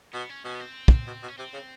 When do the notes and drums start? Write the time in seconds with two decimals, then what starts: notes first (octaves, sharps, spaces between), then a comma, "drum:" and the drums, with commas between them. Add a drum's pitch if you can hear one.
0.14 B2 B3
0.29 C#4
0.45 B2 C#4
0.55 B3
0.60 C4
0.88 drum: kick
1.07 B2
1.23 B2
1.28 C#4
1.38 C3 C4
1.54 C#3